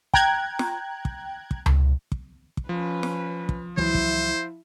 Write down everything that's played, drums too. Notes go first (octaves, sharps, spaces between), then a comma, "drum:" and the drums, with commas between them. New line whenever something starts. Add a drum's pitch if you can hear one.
G5 A#5 F#6 G#6, drum: kick
drum: snare
drum: kick
drum: kick
drum: tom C#2
drum: kick
drum: kick
F3 C#4 B4
drum: snare
drum: kick
C#2 E3 F#3 E4 C5 E5
drum: kick